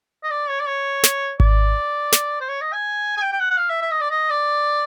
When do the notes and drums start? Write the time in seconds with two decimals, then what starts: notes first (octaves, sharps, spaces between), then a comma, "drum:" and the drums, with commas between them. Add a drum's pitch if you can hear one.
0.23 D#5
0.30 D5
0.49 C#5
0.60 D5
0.68 C#5
1.04 drum: snare
1.40 D5, drum: kick G#1
2.12 drum: snare
2.40 C5
2.49 C#5
2.61 D#5
2.73 G#5
3.17 G#5
3.22 G5
3.32 G5
3.40 F#5
3.50 F#5
3.57 F5
3.70 E5
3.82 E5
3.91 D#5
4.01 D5
4.10 D#5
4.30 D5